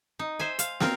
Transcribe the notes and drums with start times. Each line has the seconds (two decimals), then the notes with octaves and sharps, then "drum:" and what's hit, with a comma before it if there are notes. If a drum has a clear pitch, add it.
0.19 D#4
0.39 C5 E5 G#5
0.59 F5, drum: hi-hat
0.80 C4 F4 A#4, drum: snare